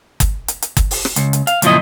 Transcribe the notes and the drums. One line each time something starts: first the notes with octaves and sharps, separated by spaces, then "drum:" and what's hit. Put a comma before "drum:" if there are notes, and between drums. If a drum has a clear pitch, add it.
drum: kick, hi-hat
drum: hi-hat
drum: hi-hat
drum: kick, hi-hat
drum: open hi-hat
drum: rim click
C#2, drum: hi-hat
drum: hi-hat
F5, drum: hi-hat
C#2 F#2 A#2 F3 E4 D#5, drum: hi-hat